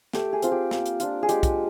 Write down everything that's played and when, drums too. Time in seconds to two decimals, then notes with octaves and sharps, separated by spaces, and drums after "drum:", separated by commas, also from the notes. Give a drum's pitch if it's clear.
0.13 A3 G4, drum: snare
0.33 G#4
0.42 C4 F4, drum: hi-hat
0.52 G4
0.71 A#3, drum: snare
0.86 drum: hi-hat
1.00 D4 F4, drum: hi-hat
1.23 G#4
1.29 G#3 G4, drum: hi-hat
1.43 drum: kick, hi-hat